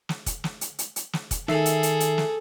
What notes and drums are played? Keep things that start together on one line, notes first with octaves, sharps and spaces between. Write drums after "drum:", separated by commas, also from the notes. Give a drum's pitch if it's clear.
drum: snare
drum: kick, hi-hat
drum: snare
drum: hi-hat
drum: hi-hat
drum: hi-hat
drum: snare
drum: kick, hi-hat
D#3 G#4 A4 E5 C7, drum: snare
drum: hi-hat
drum: hi-hat
drum: hi-hat
drum: snare